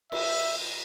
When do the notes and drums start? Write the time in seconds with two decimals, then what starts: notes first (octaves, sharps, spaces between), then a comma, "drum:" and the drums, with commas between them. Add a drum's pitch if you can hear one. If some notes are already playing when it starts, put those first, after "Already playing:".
0.12 E5, drum: cymbal